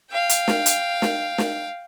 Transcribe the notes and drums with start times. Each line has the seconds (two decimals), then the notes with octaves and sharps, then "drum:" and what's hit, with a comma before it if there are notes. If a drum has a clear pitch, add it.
0.11 F5 G5
0.29 drum: hi-hat
0.48 drum: snare
0.66 drum: hi-hat
1.02 drum: snare
1.38 drum: snare